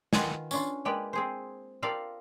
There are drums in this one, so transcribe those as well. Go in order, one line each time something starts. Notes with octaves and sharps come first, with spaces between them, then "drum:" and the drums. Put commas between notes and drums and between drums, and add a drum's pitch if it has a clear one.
D#3 F4 B4 F#5 G#5, drum: snare
C#4 D4 F4, drum: tambourine
G#3 A#3 G4 B4 D5 G5
C4 G#4 C5
F4 G4 A4 A#4 D5 F5